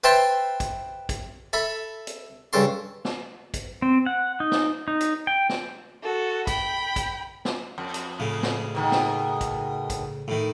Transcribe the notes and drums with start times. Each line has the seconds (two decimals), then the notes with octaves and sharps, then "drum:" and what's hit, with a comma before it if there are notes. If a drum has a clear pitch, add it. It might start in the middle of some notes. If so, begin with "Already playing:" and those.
0.04 B4 C5 E5 G5 A5 C6
0.60 drum: kick, hi-hat
1.09 drum: kick, hi-hat
1.53 A4 E5 B5
2.07 drum: hi-hat
2.53 G2 C#3 A4 C6
3.05 drum: snare
3.54 drum: kick, hi-hat
3.82 C4
4.06 F#5
4.40 D#4
4.52 drum: snare
4.88 D#4
5.00 drum: hi-hat
5.27 G5
5.49 drum: snare
6.02 F#4 A4
6.47 G5 B5, drum: kick, hi-hat
6.96 drum: kick, hi-hat
7.45 drum: snare
7.78 F2
7.94 drum: hi-hat
8.20 A2 C#3
8.43 drum: snare
8.75 B2 D#3
8.92 drum: snare
9.41 drum: kick, hi-hat
9.90 drum: kick, hi-hat
10.28 A2 D#3